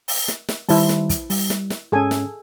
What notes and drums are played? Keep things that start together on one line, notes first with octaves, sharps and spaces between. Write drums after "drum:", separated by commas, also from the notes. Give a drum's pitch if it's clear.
drum: open hi-hat
drum: snare
drum: snare
D#3 G3 E4 C5 A5, drum: open hi-hat
drum: snare
drum: kick, hi-hat
G3, drum: open hi-hat
drum: snare
drum: snare
G#2 C#4 G#4 A4 G#5
drum: snare